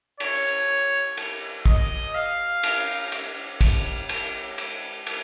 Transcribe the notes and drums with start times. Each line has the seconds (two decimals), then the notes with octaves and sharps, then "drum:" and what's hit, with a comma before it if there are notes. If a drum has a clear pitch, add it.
0.20 C#5, drum: cymbal
1.17 drum: cymbal
1.66 D#5, drum: kick
2.15 F5
2.63 drum: cymbal
3.12 drum: cymbal
3.61 drum: kick, cymbal
4.09 drum: cymbal
4.58 drum: cymbal
5.07 drum: cymbal